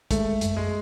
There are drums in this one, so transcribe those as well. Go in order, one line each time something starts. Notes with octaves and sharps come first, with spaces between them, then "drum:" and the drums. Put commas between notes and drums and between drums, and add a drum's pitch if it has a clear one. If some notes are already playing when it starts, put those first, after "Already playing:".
G#3 A3, drum: kick, hi-hat
F#2, drum: hi-hat
G#3